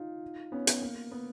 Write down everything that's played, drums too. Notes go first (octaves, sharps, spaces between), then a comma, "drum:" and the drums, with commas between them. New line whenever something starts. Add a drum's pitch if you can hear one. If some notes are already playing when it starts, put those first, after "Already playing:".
Already playing: D#4 F4
B3 C#4
B3, drum: hi-hat
A#3
B3